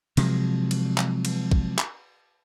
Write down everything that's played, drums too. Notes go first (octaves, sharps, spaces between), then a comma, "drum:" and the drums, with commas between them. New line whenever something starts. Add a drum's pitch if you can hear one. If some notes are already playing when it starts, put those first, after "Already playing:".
C3 F3 F#3 G#3, drum: cymbal
drum: cymbal
drum: clap
drum: cymbal
drum: kick
drum: clap